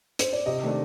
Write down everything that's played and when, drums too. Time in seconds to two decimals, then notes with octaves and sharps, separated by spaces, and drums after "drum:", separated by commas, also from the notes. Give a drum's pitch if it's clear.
0.19 C5, drum: hi-hat
0.33 D5
0.46 C3 D#5
0.63 D#3 A3 D4